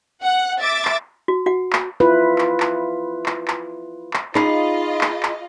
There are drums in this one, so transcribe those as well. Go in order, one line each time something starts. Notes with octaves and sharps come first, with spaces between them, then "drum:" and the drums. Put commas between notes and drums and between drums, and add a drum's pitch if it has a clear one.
F#5
E5 D6 A6
drum: clap
F#4
F#4 F#5
drum: clap
E4 F4 B4
drum: clap
drum: clap
drum: clap
drum: clap
drum: clap
D#4 F4 G#4 D#5 B5 C7, drum: clap
drum: clap
drum: clap